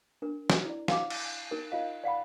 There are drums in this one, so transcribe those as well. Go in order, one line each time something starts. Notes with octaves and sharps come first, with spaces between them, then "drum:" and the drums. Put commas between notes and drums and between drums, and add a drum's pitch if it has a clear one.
D4 A#4
drum: snare
E4 D5
F5 F#5 D6, drum: snare
drum: cymbal
D#4 A#4
F4 D#5 F5
D5 F5 F#5 B5